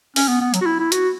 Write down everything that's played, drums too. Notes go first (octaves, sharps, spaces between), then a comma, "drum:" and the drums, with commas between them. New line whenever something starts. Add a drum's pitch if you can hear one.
C#4, drum: open hi-hat
B3
B3
F#3, drum: hi-hat
F#4
E4
E4
F#4, drum: hi-hat